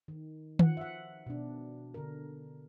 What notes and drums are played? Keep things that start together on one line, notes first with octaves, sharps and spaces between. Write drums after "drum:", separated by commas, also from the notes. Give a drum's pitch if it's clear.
D#3
F3 F#5, drum: tom D#3
E5 F#5
B2 D4
D3 A#4